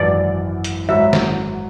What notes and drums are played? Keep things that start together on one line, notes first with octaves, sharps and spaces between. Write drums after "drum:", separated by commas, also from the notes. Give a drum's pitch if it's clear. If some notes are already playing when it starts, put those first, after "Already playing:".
Already playing: G#1 F#2 E3 D5
drum: hi-hat
G#1 G#2 F#3 E5
drum: snare